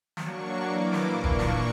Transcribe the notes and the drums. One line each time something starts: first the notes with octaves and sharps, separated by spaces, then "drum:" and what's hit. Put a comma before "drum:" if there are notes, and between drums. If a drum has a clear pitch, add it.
F#3 A#3 D4 C#6, drum: snare
E3 A#3 E4 D6
drum: snare
A#2 A#3 D4 C#6
drum: kick
drum: snare